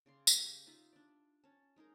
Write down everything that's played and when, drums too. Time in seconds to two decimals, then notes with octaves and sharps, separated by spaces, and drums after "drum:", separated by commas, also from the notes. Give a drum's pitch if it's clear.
0.06 C#3 D5 C6
0.27 G4, drum: tambourine
0.66 D#4 F4 E5 B5
0.92 D4 D5
1.44 C#4 A5
1.76 G#3 D#4 G#4 A#4